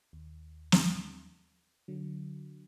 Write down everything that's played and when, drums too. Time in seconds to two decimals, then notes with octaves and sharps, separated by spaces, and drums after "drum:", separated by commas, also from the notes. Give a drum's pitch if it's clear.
0.13 D#2
0.72 drum: snare
1.88 D3 F#3